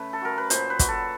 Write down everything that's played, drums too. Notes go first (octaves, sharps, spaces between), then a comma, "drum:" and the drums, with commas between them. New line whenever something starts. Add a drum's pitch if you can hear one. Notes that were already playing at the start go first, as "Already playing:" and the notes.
Already playing: C#3 A3 B4
A4
F#3 A#4
B4
A#2 C5, drum: hi-hat
B4
F#3, drum: kick, hi-hat
A4